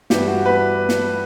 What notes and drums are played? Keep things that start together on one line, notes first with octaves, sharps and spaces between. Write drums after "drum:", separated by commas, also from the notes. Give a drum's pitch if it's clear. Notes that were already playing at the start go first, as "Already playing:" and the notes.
G2 E3 B3 G4, drum: snare
F#4
B4
drum: snare